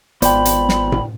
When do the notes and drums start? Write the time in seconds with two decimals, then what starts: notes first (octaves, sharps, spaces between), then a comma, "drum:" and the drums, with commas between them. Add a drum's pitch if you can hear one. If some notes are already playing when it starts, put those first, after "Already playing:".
0.22 G#1 B3 F4 C5 D5 G5 B5, drum: hi-hat
0.45 drum: hi-hat
0.69 drum: snare
0.92 drum: tom A2